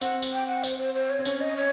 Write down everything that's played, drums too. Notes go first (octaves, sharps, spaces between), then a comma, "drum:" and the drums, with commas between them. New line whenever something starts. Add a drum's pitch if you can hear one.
C4 F#5, drum: tambourine
drum: tambourine
G5
F#5
C5, drum: tambourine
C5
C5
C#5
C4
C#4 C#5, drum: tambourine
D#5
C#5